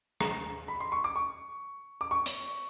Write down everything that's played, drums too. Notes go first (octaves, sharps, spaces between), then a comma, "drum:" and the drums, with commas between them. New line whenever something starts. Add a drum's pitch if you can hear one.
A#5, drum: rim click
B5
C6
C#6
D6
C#6
D6
C#6
drum: hi-hat